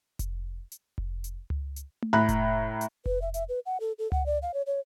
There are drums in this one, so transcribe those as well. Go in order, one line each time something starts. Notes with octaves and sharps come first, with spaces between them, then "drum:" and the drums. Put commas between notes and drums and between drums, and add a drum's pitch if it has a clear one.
drum: kick F1, hi-hat
drum: hi-hat
drum: kick F1
drum: hi-hat
drum: tom C#2
drum: hi-hat
drum: tom A3
A2 A#5 B5 F#6
drum: kick F1, hi-hat
drum: hi-hat
B4, drum: kick F1
E5
E5, drum: hi-hat
B4
F#5
A4
A4
F#5, drum: tom C#2
D5
F5
C#5
C#5